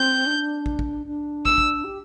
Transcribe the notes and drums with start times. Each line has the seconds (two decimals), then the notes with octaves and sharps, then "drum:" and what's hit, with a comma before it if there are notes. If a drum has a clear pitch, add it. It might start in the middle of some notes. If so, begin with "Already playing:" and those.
Already playing: C4 G6
0.26 D4
0.66 drum: kick
0.79 drum: kick
1.06 D4
1.45 E6, drum: kick
1.58 drum: kick
1.84 G4